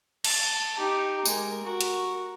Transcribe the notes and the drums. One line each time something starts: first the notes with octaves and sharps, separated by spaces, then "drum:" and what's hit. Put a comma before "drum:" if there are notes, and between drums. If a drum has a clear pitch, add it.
A5, drum: cymbal
D#4 G4
G#3 A#4, drum: tambourine
F#4 A#4
drum: hi-hat